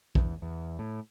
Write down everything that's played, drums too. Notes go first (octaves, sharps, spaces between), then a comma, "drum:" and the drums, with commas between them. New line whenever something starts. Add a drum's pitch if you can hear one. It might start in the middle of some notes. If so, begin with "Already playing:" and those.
E2, drum: kick
E2
A2